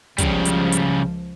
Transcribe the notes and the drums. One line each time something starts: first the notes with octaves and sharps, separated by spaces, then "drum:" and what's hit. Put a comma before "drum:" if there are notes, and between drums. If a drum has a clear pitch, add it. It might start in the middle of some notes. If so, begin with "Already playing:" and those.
C#2 C#3 F3 G3, drum: kick, hi-hat
drum: hi-hat
drum: hi-hat